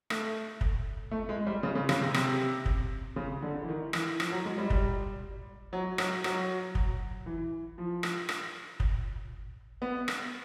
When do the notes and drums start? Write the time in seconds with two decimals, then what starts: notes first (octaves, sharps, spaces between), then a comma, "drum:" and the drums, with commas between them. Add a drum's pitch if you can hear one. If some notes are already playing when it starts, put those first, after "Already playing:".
0.10 A3, drum: rim click
0.61 drum: kick
1.11 A3
1.29 G#3
1.47 G3
1.63 C#3
1.75 C#3
1.89 C#3, drum: rim click
2.01 C3
2.14 C3, drum: rim click
2.66 drum: kick
3.16 C#3
3.42 D3
3.63 E3
3.69 D#3
3.93 E3, drum: rim click
4.20 F3, drum: rim click
4.31 F#3
4.45 G#3
4.58 G3
4.70 drum: kick
5.73 F#3
5.98 F#3, drum: rim click
6.24 F#3, drum: rim click
6.75 drum: kick
7.26 E3
7.78 F3
8.03 drum: rim click
8.29 drum: rim click
8.80 drum: kick
9.82 B3
10.08 drum: rim click